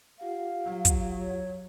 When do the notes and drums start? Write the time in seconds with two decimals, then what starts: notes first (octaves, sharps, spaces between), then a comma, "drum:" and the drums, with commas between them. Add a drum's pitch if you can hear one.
0.19 F4 G4 F5 F#5
0.65 F#3
0.85 drum: kick, hi-hat
1.18 C#5